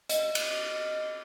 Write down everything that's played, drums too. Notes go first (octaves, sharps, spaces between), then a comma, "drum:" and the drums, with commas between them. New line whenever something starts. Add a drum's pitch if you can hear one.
D#5, drum: hi-hat
drum: cymbal